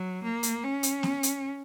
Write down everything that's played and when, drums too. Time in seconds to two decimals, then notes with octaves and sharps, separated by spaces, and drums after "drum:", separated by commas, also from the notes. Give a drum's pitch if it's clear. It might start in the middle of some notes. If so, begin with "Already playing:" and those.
Already playing: F#3
0.23 A#3
0.43 drum: hi-hat
0.63 C#4
0.83 drum: hi-hat
1.03 drum: snare B3
1.23 drum: hi-hat